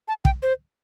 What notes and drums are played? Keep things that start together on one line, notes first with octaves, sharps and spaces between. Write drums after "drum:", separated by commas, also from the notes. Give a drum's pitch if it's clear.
A5
G5, drum: kick
C5